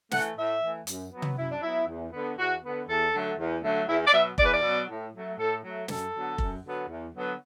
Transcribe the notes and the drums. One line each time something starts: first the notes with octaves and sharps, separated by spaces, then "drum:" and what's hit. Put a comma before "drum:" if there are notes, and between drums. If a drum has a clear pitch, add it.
E3 A3 F#5, drum: snare
A2 E5
E3 A3
F#2, drum: hi-hat
F#3 B3
drum: tom
F#2 E4
D4
F#3 B3 E4
E2
D3 B3
E2 F#4
D3 B3
E2 A4
D3 F#3 A3
E2
D3 F#3 A3
E2 E4
D5
B2 F#3 B3 E5
E2 D5, drum: kick F1
B4
D5
B2 F#3 B3
A2
F#3 A3
A2 A4
F#3 A3
F#2 A4, drum: snare
D3 F#3 B3
F#2, drum: kick F1
D3 F#3 B3
E2
D3 F#3 B3